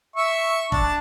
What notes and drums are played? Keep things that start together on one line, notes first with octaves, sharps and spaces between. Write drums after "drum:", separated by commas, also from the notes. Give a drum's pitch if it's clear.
E5 C#6
D4 A5, drum: kick